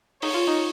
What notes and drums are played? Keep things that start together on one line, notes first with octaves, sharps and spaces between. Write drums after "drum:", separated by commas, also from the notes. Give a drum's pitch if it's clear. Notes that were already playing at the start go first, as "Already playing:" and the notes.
D#4 C#5, drum: open hi-hat
F4
D#4